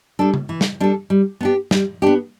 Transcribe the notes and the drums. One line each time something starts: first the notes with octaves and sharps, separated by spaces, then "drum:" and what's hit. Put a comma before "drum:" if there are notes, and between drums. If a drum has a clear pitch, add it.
G3 D4 A4
drum: tom C#3
E3
drum: snare
G3 D4 A4
G3
B3 D4 G4
G3, drum: snare
B3 D4 G4